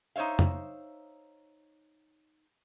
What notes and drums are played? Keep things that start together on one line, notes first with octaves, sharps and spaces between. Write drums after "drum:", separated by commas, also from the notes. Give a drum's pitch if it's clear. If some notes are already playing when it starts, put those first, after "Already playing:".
D#4 C5 C#5 E5 F5
drum: tom F2